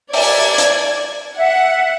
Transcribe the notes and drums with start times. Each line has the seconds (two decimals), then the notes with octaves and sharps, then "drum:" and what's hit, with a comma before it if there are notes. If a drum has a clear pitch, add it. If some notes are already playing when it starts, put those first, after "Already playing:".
0.13 D5 G#6, drum: open hi-hat
0.58 drum: hi-hat
1.38 E5 F#5